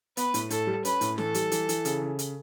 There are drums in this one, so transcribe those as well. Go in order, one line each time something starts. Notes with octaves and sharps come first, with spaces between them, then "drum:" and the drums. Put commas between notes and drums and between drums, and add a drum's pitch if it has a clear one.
B3 B4, drum: hi-hat
A2, drum: hi-hat
A2 A4, drum: hi-hat
G3
C#4 B4, drum: hi-hat
A2, drum: hi-hat
E3 A4, drum: snare
G3, drum: hi-hat
E3, drum: hi-hat
E3, drum: hi-hat
C#3, drum: hi-hat
C#3
drum: hi-hat